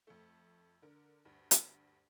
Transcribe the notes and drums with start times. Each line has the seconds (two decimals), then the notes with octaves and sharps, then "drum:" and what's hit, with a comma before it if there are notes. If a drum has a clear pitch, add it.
0.07 F2 A3
0.82 D3 A#4
1.25 D2 G2
1.51 drum: hi-hat